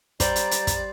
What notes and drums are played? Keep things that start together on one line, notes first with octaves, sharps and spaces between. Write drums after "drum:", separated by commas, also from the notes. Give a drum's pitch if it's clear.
G3 C5 D5 A#5, drum: kick, hi-hat
drum: hi-hat
drum: hi-hat
drum: kick, hi-hat